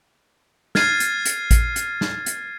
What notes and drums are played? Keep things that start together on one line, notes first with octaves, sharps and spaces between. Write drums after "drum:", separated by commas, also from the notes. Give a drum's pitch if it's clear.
F6 G#6 A6 C7 D#7, drum: snare
drum: hi-hat
drum: hi-hat
drum: kick A1, hi-hat
drum: hi-hat
drum: snare
drum: hi-hat